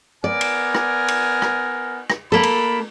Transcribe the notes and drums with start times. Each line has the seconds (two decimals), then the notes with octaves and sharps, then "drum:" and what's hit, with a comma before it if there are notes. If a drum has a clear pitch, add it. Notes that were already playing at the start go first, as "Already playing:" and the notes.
0.24 B3 A#4 D5 G#5
0.41 drum: cymbal
0.75 drum: rim click
1.08 drum: cymbal
1.42 drum: rim click
2.10 drum: rim click
2.32 A#3 A4 B5
2.43 drum: cymbal